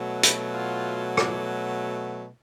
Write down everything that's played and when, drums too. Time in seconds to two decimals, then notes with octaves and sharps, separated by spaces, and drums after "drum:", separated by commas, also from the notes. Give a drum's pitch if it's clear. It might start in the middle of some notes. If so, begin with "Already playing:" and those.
Already playing: B2 F#3 A3
0.23 E4, drum: hi-hat
0.52 F4
1.17 drum: rim click